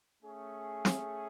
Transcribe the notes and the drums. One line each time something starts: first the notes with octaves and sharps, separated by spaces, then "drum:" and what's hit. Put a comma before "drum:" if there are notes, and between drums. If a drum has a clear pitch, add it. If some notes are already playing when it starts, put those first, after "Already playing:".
A3 C#4 G#4
drum: snare